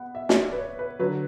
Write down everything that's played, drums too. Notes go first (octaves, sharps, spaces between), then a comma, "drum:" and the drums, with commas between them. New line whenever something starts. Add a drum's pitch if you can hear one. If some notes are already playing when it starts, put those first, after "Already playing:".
Already playing: B3 F#5 B5
E5
C#5, drum: snare
D5
B4
C#5
B4
D3 F#3 B4